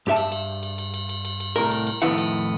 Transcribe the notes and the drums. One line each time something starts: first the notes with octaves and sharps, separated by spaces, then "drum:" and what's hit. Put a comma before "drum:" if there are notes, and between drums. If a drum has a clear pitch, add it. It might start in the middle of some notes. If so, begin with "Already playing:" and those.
G2 G4 E5 A5
drum: cymbal
drum: cymbal
drum: cymbal
drum: cymbal
drum: cymbal
drum: cymbal
drum: cymbal
drum: cymbal
C2 A2 A#4, drum: cymbal
drum: cymbal
drum: cymbal
F2 A2 D#3 B3 E4 F#5, drum: cymbal
drum: cymbal